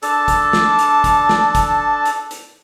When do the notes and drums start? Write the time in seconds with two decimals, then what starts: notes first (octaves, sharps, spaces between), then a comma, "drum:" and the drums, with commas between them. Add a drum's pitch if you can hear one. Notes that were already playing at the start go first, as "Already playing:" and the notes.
0.03 D4 A4 A5, drum: hi-hat
0.28 drum: kick, hi-hat
0.53 drum: snare
0.79 drum: hi-hat
1.04 drum: kick, hi-hat
1.29 drum: snare
1.55 drum: kick, hi-hat
2.05 drum: hi-hat
2.31 drum: hi-hat